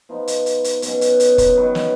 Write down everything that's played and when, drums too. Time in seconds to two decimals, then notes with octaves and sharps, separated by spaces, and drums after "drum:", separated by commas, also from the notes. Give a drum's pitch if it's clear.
0.09 F3 B3 D#4
0.28 drum: hi-hat
0.46 drum: hi-hat
0.64 drum: hi-hat
0.82 B2 F#3 C#4, drum: hi-hat
1.01 drum: hi-hat
1.20 drum: hi-hat
1.38 drum: kick F1, hi-hat
1.56 D#3 F#3 B3
1.75 drum: snare